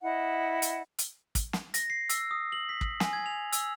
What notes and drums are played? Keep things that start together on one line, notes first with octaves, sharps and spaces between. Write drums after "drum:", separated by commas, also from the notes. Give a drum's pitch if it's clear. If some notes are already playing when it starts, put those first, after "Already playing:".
E4 D#5 F#5
drum: hi-hat
drum: hi-hat
drum: kick, hi-hat
drum: snare
A#6, drum: hi-hat
C7
E6, drum: hi-hat
D#6
F#7
B6
drum: kick
G#5, drum: snare
G#6
F7
E6, drum: hi-hat